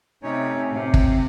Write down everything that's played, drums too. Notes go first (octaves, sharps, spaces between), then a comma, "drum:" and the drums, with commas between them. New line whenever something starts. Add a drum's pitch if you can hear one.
C3 A3 C#4 D#4 C#5
A2 C3 C4 F5
drum: kick